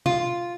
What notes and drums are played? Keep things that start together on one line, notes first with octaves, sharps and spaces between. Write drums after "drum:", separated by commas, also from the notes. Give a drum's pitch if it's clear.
F4, drum: tom B2